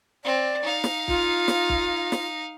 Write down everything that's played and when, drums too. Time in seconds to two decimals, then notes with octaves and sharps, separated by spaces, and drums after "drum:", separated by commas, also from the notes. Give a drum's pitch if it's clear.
0.24 C4 D5
0.62 D#4 F5
0.84 drum: snare
1.08 F4, drum: kick
1.48 drum: snare
1.69 drum: kick
2.12 drum: snare